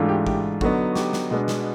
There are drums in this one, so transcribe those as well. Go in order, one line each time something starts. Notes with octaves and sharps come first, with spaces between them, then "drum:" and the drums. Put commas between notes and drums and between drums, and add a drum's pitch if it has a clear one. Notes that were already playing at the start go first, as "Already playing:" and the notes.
Already playing: G#2 E3 A3 D4 F4
G4
G4, drum: kick
D3 F#3 B3 D#4 F#4, drum: kick
F#4
G4, drum: snare
drum: snare
B2 G#3 B3 D4
drum: snare